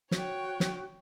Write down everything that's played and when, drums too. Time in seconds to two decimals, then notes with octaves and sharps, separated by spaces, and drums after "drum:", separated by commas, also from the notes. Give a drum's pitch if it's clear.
0.11 F#4 C#5 G5, drum: snare
0.60 drum: snare